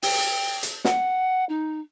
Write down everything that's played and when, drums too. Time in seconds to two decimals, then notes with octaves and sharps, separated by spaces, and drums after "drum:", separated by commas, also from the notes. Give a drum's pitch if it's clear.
0.02 G5, drum: open hi-hat
0.63 drum: hi-hat
0.85 F#5, drum: snare
1.49 D#4